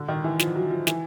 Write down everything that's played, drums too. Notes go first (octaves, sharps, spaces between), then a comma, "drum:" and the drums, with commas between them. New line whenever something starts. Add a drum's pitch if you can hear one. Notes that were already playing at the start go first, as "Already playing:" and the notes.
Already playing: D3
D#3
E3
F3, drum: snare
F#3
F3
E3, drum: snare